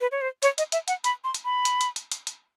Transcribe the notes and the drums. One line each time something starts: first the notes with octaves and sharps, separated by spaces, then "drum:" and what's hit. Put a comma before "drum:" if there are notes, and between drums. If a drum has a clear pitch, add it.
B4
C#5
C5
C#5, drum: hi-hat
D#5, drum: hi-hat
E5, drum: hi-hat
F#5, drum: hi-hat
B5, drum: hi-hat
C6
drum: hi-hat
B5
drum: hi-hat
drum: hi-hat
drum: hi-hat
drum: hi-hat
drum: hi-hat